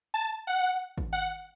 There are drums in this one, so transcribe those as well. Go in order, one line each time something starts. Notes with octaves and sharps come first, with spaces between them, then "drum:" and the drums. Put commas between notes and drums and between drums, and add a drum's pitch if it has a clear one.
A5
F#5
drum: kick
F#5